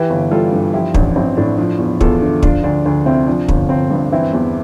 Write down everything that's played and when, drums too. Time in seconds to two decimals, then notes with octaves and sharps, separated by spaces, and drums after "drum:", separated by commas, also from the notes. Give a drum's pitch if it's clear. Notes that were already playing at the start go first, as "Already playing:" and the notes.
Already playing: E3 G4 B4
0.10 G1
0.31 G3 F4 A4
0.52 G2
0.73 F3 E4 G4
0.94 A1 D4, drum: kick
1.16 A1 C4 E4
1.37 A2 D4
1.58 F3 D4
1.79 E2
2.01 E2 F4 A4, drum: kick
2.22 D3
2.43 F3 D4 F4, drum: kick
2.64 D2 D4
2.85 D2 D4
3.06 C3 C4 E4
3.27 F3 D4
3.49 G1, drum: kick
3.69 G1 C4
3.91 G2
4.12 E3 C4 E4
4.33 E2